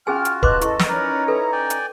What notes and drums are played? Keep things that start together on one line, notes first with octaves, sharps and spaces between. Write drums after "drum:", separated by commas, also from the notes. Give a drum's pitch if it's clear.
C#4 F4 F#4 G#4 G5 G#5 F6
drum: hi-hat
B4 D#5 A5 C6 D6 F#6, drum: kick D1
E4 A4 D#5 C#6, drum: hi-hat
drum: snare
C#4 D#4 A#4 B4 D5 A#5
E4 A4 B4
D5 G5 G#5
drum: hi-hat